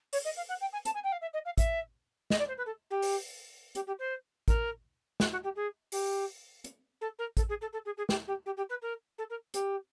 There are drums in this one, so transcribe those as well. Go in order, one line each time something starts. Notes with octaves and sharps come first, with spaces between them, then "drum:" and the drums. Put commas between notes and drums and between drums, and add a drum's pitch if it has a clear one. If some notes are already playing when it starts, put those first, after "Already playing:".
C#5, drum: open hi-hat
D#5
F5
F#5
G5
G#5
A5, drum: hi-hat
G#5
G5
F5
E5
D#5
F5
E5, drum: kick A1, hi-hat
D#5, drum: snare
D5
C5
B4
A4
G4
drum: open hi-hat
G4, drum: hi-hat
G4
C5
A#4, drum: kick A1, hi-hat
F#4, drum: snare
F#4
G4
G#4
G4, drum: open hi-hat
drum: hi-hat
A4
A#4
A4, drum: kick A1, hi-hat
G#4
A4
A4
G#4
G#4
G4, drum: snare
G4
G4
G4
B4
A#4
A4
A#4
G4, drum: hi-hat